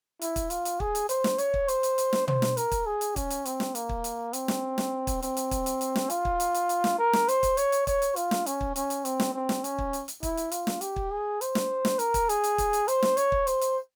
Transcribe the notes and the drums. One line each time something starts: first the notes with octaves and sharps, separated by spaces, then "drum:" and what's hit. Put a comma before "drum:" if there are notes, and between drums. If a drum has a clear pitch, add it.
E4, drum: hi-hat
drum: kick, hi-hat
F4, drum: hi-hat
drum: hi-hat
G#4, drum: kick
drum: hi-hat
C5, drum: hi-hat
drum: snare
C#5, drum: hi-hat
drum: kick
C5, drum: hi-hat
drum: hi-hat
drum: hi-hat
drum: snare
C5, drum: tom
drum: snare
A#4, drum: hi-hat
drum: kick, hi-hat
G#4
drum: hi-hat
C#4, drum: kick, hi-hat
drum: hi-hat
C4, drum: hi-hat
drum: snare
A#3, drum: hi-hat
drum: kick
drum: hi-hat
C4, drum: hi-hat
drum: snare
drum: snare
drum: kick, hi-hat
C4, drum: hi-hat
drum: hi-hat
drum: kick, hi-hat
drum: hi-hat
drum: hi-hat
drum: snare
F4, drum: hi-hat
drum: kick
drum: hi-hat
drum: hi-hat
drum: hi-hat
drum: snare
A#4
drum: snare
C5, drum: hi-hat
drum: kick, hi-hat
C#5, drum: hi-hat
drum: hi-hat
C#5, drum: kick, hi-hat
drum: hi-hat
F4, drum: hi-hat
drum: snare
C#4, drum: hi-hat
drum: kick
C#4, drum: hi-hat
drum: hi-hat
C4, drum: hi-hat
drum: snare
C4
drum: snare
C#4, drum: hi-hat
drum: kick
drum: hi-hat
drum: hi-hat
E4, drum: kick, hi-hat
drum: hi-hat
F4, drum: hi-hat
drum: snare
G4, drum: hi-hat
drum: kick
G#4
C5, drum: hi-hat
drum: snare
drum: snare
A#4, drum: hi-hat
drum: kick, hi-hat
G#4, drum: hi-hat
drum: hi-hat
drum: kick, hi-hat
drum: hi-hat
C5, drum: hi-hat
drum: snare
C#5, drum: hi-hat
drum: kick
C5, drum: hi-hat
drum: hi-hat